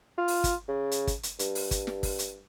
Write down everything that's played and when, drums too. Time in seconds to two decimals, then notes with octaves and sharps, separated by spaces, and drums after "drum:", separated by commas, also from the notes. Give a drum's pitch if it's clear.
0.18 F4
0.28 drum: open hi-hat
0.44 drum: kick, hi-hat
0.68 C#3
0.91 drum: hi-hat
1.07 drum: kick, hi-hat
1.23 drum: hi-hat
1.39 G2, drum: hi-hat
1.55 drum: open hi-hat
1.71 drum: kick, hi-hat
1.87 drum: snare
2.03 drum: kick, open hi-hat
2.19 drum: hi-hat